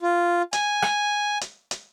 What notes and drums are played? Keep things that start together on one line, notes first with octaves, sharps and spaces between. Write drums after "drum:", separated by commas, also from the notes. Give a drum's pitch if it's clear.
F4
G#5, drum: hi-hat
drum: rim click
drum: hi-hat
drum: hi-hat